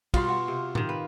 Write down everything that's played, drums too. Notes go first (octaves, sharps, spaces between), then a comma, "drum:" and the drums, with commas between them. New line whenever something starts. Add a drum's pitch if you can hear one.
B2 G3 F4 F5 C6, drum: kick, cymbal
F#4
C3
D#3 G4, drum: tom A2
B4